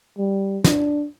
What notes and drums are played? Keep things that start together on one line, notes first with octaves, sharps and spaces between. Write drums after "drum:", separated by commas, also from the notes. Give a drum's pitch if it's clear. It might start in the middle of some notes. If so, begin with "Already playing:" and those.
G3
D4, drum: snare